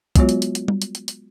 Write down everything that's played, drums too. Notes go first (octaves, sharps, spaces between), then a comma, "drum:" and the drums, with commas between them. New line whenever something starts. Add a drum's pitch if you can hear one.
F#3 G#3 B3 F4 F#4 C#5, drum: kick, hi-hat
drum: hi-hat
drum: hi-hat
drum: hi-hat
drum: tom G3
drum: hi-hat
drum: hi-hat
drum: hi-hat